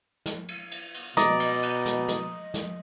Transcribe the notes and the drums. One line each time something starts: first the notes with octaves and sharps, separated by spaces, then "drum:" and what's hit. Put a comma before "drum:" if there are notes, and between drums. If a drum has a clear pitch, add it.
drum: snare
drum: cymbal
drum: cymbal
drum: cymbal
B2 D5 D#5 A#5, drum: snare
drum: cymbal
drum: cymbal
drum: snare
drum: snare
drum: snare